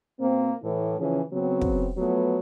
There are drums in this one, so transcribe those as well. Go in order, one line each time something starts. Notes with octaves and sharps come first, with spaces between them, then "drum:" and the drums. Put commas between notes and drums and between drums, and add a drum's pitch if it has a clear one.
B2 A#3 C4
A2 E3
C#3 E3 F3 C#4 G#4
C#3 F#3 B3 C4
drum: kick
F3 F#3 A3 B3